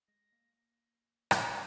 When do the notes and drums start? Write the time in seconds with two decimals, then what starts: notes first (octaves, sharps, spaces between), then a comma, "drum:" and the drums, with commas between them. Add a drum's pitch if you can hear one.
0.08 G#3 A#6
0.32 A#3
1.31 drum: rim click